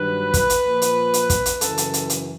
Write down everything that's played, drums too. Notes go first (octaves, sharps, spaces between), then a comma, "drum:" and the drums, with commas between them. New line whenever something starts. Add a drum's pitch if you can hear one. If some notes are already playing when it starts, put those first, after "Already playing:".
Already playing: G2 D#3 F#3 B4
drum: kick, hi-hat
drum: hi-hat
A#2 F3
drum: hi-hat
drum: hi-hat
drum: kick, hi-hat
drum: hi-hat
F#2 C#3 E3 A4, drum: hi-hat
drum: hi-hat
drum: hi-hat
drum: hi-hat